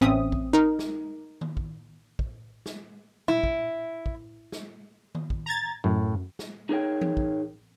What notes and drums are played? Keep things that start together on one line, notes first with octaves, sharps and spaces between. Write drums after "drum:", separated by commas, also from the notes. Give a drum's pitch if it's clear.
A1 C4 C#4 E5 D#6
drum: kick
D#4 A#4
drum: snare
drum: tom D#3
drum: kick
drum: kick
drum: snare
E4, drum: tom A#2
drum: kick
drum: kick
drum: snare
drum: tom D#3
drum: kick
A#5 G#6 A6
F#2 A2
drum: snare
D#4 G#4 A#4 C#5 G5
drum: tom E3
drum: kick